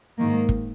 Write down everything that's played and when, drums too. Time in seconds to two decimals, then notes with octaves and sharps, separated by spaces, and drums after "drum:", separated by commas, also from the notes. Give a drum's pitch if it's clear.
0.18 G#2 D#3 A#3
0.49 drum: kick